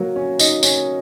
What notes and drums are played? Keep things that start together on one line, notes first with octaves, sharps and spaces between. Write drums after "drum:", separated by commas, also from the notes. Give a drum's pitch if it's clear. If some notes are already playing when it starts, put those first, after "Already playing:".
Already playing: F#3 A#3
C#4
D#4, drum: tambourine
C#4, drum: tambourine